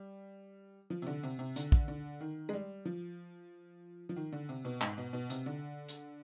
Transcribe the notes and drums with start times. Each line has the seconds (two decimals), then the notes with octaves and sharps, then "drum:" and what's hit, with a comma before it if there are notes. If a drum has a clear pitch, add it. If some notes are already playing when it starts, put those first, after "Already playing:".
Already playing: G3
0.90 F3
1.02 C3
1.07 D3
1.23 C3
1.39 C3
1.56 D3, drum: hi-hat
1.72 drum: kick
1.88 D3
2.21 D#3
2.49 G#3
2.53 G3
2.85 F3
4.09 F3
4.16 D#3
4.32 D3
4.49 C3
4.65 B2
4.81 G#2, drum: clap
4.98 B2
5.13 B2
5.30 C3, drum: hi-hat
5.46 D3
5.89 drum: hi-hat